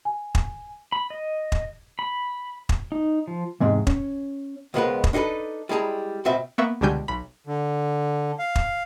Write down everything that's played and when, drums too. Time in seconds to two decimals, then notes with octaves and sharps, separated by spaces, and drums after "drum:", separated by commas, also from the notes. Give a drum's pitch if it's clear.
0.05 G#5
0.35 drum: kick
0.92 B5
1.10 D#5
1.52 drum: kick
1.99 B5
2.69 drum: kick
2.92 D#4
3.28 F3
3.60 E2 G#2 C3 G#3
3.87 C#4, drum: kick
4.74 C#2 F3 G#3 B3 A#4 B4
5.04 drum: kick
5.13 D4 D#4 G4 A4 B4
5.69 G3 G#3 E4 G#4 A5 A#5
6.25 C#2 B2 C4 F#4 B4 E5
6.58 A#3 B3 E5 C#6
6.81 C#2 B2 D3 G3 G#5 G6
7.08 B1 B5
7.47 D3
8.39 F5
8.55 drum: kick